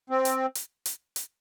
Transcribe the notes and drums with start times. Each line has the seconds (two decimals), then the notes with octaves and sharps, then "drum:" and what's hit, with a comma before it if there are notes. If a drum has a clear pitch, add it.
0.10 C4
0.25 drum: hi-hat
0.55 drum: hi-hat
0.86 drum: hi-hat
1.16 drum: hi-hat